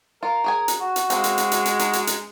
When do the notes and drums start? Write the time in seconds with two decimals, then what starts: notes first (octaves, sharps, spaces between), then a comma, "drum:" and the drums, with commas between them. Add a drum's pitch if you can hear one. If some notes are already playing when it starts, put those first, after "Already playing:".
0.23 F4 A#4
0.44 F#3 G#4 G#5
0.68 drum: hi-hat
0.80 F#4
0.96 drum: hi-hat
1.10 G#3 A#3 C4, drum: hi-hat
1.24 drum: hi-hat
1.38 drum: hi-hat
1.52 drum: hi-hat
1.65 drum: hi-hat
1.79 D#4, drum: hi-hat
1.93 drum: hi-hat
2.07 drum: hi-hat